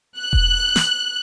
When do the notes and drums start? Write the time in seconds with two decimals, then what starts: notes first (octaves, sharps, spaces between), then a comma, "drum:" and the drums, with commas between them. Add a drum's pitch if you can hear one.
0.18 F#6
0.33 drum: kick E1
0.76 drum: snare